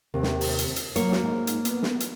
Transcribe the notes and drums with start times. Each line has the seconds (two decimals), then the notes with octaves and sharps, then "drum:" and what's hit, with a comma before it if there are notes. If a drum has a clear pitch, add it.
0.14 D#2 C3
0.23 drum: snare
0.41 drum: open hi-hat
0.58 drum: hi-hat
0.76 drum: hi-hat
0.96 F#3 A#3 C#5, drum: hi-hat
1.12 drum: snare
1.24 G#2
1.47 drum: hi-hat
1.65 B3, drum: hi-hat
1.83 drum: snare
2.00 drum: hi-hat